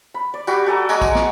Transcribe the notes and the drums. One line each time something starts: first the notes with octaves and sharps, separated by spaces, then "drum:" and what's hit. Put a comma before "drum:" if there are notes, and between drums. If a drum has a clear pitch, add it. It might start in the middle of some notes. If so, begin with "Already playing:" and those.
B5
D5
G3 F#4 G4 D6, drum: tambourine
F#4 A4 G#5 A#5
G#3 G#5 A#5 D6, drum: tambourine
drum: kick A#1, tambourine
drum: snare